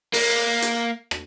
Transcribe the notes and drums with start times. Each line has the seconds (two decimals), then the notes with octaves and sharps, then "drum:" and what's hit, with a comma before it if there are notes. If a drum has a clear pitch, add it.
0.13 A#3, drum: open hi-hat
0.62 drum: hi-hat
1.11 drum: rim click